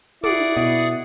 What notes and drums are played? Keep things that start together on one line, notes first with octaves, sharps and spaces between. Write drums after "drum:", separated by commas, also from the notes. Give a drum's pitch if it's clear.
E4 G#4 D5 F#5 D6, drum: tom
B2 D#6